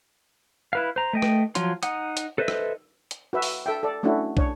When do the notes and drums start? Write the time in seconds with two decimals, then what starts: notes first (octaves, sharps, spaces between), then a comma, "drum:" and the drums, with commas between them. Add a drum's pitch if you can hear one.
0.73 E4 B4 F5
0.96 C5 A#5
1.13 A3 D#5 G5
1.22 drum: rim click
1.55 F3 F#3 F4 C6, drum: hi-hat
1.83 D#4 F#5 D#6, drum: hi-hat
2.17 drum: hi-hat
2.38 A4 B4 C5 D#5 E5
2.48 drum: rim click
3.11 drum: hi-hat
3.33 F#4 B4 E5
3.42 drum: open hi-hat
3.66 A4 E5 G5
3.83 A4 D5
4.03 A3 C#4 D4 E4 F#4
4.37 D4 C#5, drum: kick